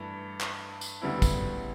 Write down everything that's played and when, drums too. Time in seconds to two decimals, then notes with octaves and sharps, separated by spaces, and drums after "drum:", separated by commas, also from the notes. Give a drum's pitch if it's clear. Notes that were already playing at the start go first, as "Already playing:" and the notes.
Already playing: G2 E3 A3
0.41 drum: clap
0.81 drum: tambourine
1.02 D2 C#3 G3 B3 E4
1.22 drum: kick, tambourine